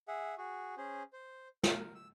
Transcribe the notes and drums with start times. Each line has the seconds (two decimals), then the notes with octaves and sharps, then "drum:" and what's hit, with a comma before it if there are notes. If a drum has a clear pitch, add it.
0.08 G#4 E5 F#5
0.38 F#4 G#4
0.77 C#4 G#4 C5
1.13 C5
1.63 A#4, drum: snare
1.95 E6